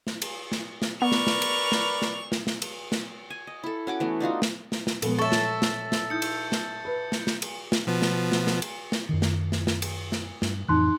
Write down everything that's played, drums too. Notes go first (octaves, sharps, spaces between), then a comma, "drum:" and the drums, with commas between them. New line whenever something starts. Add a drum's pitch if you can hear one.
drum: snare
drum: cymbal
drum: snare
drum: snare
B3 A#4 B4 D5 C#6 F7
drum: snare
drum: snare
drum: cymbal
drum: snare
drum: snare
drum: snare
drum: snare
drum: cymbal
drum: snare
G#5
D#5
E4 A4
C#4 F#4 D6
E3 A3 B3
D4 D#4 F4 F#4
drum: snare
drum: snare
drum: snare
A#2 F3 G#3 B3 A4, drum: cymbal
A4 C#5 E5 C#6 A6
drum: snare
drum: snare
drum: snare
D#4 E4 D#6 G6 C#7
drum: cymbal
drum: snare
B4
drum: snare
drum: snare
drum: cymbal
drum: snare
B2 F3 B3
drum: snare
drum: snare
drum: snare
drum: cymbal
drum: snare
F#2 D#3
drum: snare
drum: snare
drum: snare
drum: cymbal
drum: snare
G2, drum: snare
F2 A2 E3 D#4 C6 F#6